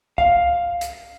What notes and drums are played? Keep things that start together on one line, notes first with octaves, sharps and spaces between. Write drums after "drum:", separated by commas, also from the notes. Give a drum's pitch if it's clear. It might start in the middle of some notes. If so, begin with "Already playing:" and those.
F5, drum: kick C2
drum: hi-hat